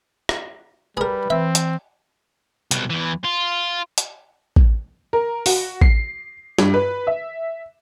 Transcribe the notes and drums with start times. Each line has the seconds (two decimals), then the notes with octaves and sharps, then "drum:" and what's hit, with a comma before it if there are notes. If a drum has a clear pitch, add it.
0.29 drum: rim click
0.97 G3 G#4 A#4 B4
1.30 E3 C4 E5
1.55 drum: hi-hat
2.71 C2 B2, drum: hi-hat
2.90 E2 E3
3.24 F4
3.98 drum: hi-hat
4.56 drum: kick A1
5.13 A#4
5.46 F#4, drum: open hi-hat
5.81 C7, drum: kick A1
6.59 G2, drum: snare
6.74 B4
7.07 E5